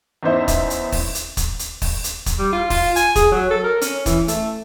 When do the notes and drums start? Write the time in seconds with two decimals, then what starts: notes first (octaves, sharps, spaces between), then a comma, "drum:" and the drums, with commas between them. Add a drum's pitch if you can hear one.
0.23 E2 C#4 D#4 C5 E5
0.48 drum: kick, hi-hat
0.70 drum: hi-hat
0.92 drum: kick, open hi-hat
1.15 drum: hi-hat
1.37 drum: kick, hi-hat
1.59 drum: hi-hat
1.82 drum: kick, open hi-hat
2.04 drum: hi-hat
2.26 drum: kick, hi-hat
2.38 G3
2.52 F4
2.70 F4, drum: kick, open hi-hat
2.96 G#5, drum: hi-hat
3.16 G#4, drum: kick, hi-hat
3.32 F#3
3.51 A4
3.64 A#4
3.81 C#4, drum: hi-hat
4.06 E3, drum: kick, hi-hat
4.28 A3, drum: hi-hat